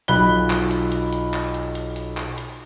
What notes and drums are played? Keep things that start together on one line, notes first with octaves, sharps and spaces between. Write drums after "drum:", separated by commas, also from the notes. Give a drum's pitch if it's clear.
B1 F4 B5 F#6 G7, drum: hi-hat
drum: clap
drum: hi-hat
drum: hi-hat
drum: hi-hat
drum: clap
drum: hi-hat
drum: hi-hat
drum: hi-hat
drum: clap
drum: hi-hat